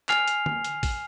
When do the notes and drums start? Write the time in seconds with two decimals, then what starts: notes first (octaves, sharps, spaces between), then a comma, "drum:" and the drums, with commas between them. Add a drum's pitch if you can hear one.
0.09 G#5 F6 C7 F7, drum: clap
0.28 drum: hi-hat
0.46 drum: tom D3
0.65 drum: hi-hat
0.83 drum: kick, open hi-hat